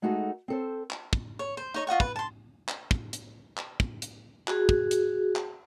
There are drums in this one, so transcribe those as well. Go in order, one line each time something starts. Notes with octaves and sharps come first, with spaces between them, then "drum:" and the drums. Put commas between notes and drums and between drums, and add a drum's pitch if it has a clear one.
G#3 A3 D#4 F#4 G#4 A4
C4 A4 C5
drum: clap
drum: kick
C#5
C5
D#4 C#5 D#5
F4 D#5 F#5 C#6
B4, drum: kick
A5 C6
drum: clap
drum: kick
drum: hi-hat
drum: clap
drum: kick
drum: hi-hat
F#4 G#4, drum: clap
drum: kick
drum: hi-hat
drum: clap